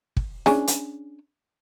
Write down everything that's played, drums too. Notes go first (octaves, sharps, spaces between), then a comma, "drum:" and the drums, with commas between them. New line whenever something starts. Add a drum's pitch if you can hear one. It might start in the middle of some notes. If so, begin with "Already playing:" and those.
drum: kick
C#4 D4 G#4, drum: snare
drum: hi-hat